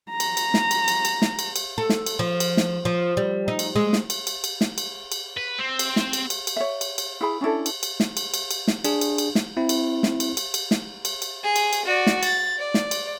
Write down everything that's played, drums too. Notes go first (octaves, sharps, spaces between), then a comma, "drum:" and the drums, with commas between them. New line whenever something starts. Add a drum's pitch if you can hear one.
A#5
drum: cymbal
drum: cymbal
drum: snare
drum: cymbal
drum: cymbal
drum: cymbal
drum: snare
drum: cymbal
drum: cymbal
A4
drum: snare
drum: cymbal
F3
drum: cymbal
drum: snare
F3
G3
D#4
drum: cymbal
G#3
drum: snare
drum: cymbal
drum: cymbal
drum: cymbal
drum: snare
drum: cymbal
drum: cymbal
B4
C4
drum: cymbal
drum: snare
drum: cymbal
drum: cymbal
drum: cymbal
C#5 E5
drum: cymbal
drum: cymbal
E4 G#4 B5
C#4 D4 E4 A4
drum: cymbal
drum: cymbal
drum: snare
drum: cymbal
drum: cymbal
drum: cymbal
drum: snare
D4 G#4, drum: cymbal
drum: cymbal
drum: cymbal
drum: snare
C4 E4
drum: cymbal
drum: snare
drum: cymbal
drum: cymbal
drum: cymbal
drum: snare
drum: cymbal
drum: cymbal
G#4
drum: cymbal
drum: cymbal
F#4 D5
drum: snare
A6, drum: cymbal
D5
drum: snare
drum: cymbal